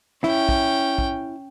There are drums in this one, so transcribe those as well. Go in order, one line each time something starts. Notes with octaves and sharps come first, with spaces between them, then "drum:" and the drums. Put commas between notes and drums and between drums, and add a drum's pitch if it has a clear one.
C#4 E4 G5, drum: snare
drum: kick
drum: kick